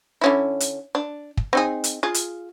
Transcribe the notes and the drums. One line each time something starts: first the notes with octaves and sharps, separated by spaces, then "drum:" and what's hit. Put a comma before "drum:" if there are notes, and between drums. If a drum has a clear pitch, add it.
D3 C#4 E4
drum: hi-hat
D4
drum: kick
C4 D#4 G#4
drum: hi-hat
F4 G#4
drum: hi-hat